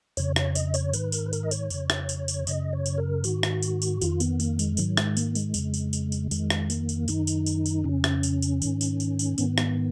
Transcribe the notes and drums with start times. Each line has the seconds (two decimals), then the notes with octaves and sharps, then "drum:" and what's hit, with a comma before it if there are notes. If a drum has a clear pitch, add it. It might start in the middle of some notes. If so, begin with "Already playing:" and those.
0.17 F2 C#3 C#5, drum: tambourine
0.36 C#5, drum: rim click
0.55 D#5, drum: tambourine
0.74 C#5, drum: tambourine
0.93 G#2 D#3 B4, drum: tambourine
1.12 A#4, drum: tambourine
1.26 B4
1.33 A#4, drum: tambourine
1.43 D#5
1.51 C#5, drum: tambourine
1.70 F2 C#3, drum: tambourine
1.90 drum: rim click
2.09 drum: tambourine
2.28 drum: tambourine
2.47 F#2 C#3 D#5, drum: tambourine
2.73 C#5
2.86 drum: tambourine
2.98 A#4
3.24 G#2 D#3 F#4, drum: tambourine
3.43 drum: rim click
3.62 drum: tambourine
3.82 drum: tambourine
4.01 F2 D#3 F4, drum: tambourine
4.20 B3, drum: tambourine
4.40 A#3, drum: tambourine
4.59 G#3, drum: tambourine
4.77 G#2 D#3 F#3, drum: tambourine
4.97 G#3, drum: rim click
5.17 A#3, drum: tambourine
5.35 G#3, drum: tambourine
5.54 F2 C#3, drum: tambourine
5.74 drum: tambourine
5.93 drum: tambourine
6.12 drum: tambourine
6.31 F2 D#3 G#3, drum: tambourine
6.50 drum: rim click
6.70 A#3, drum: tambourine
6.89 drum: tambourine
7.08 F#2 D#3 D#4, drum: tambourine
7.27 drum: tambourine
7.46 drum: tambourine
7.66 drum: tambourine
7.84 F2 C#3 C#4
8.04 drum: rim click
8.23 drum: tambourine
8.42 drum: tambourine
8.62 G#2 D#3, drum: tambourine
8.81 drum: tambourine
9.00 drum: tambourine
9.19 drum: tambourine
9.38 G#2 D#3 B3, drum: tambourine
9.58 drum: rim click